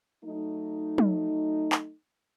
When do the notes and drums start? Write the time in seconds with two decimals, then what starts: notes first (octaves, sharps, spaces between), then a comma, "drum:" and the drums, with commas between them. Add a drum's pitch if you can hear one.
0.24 F#3 A3 D#4
0.98 drum: tom
1.72 drum: clap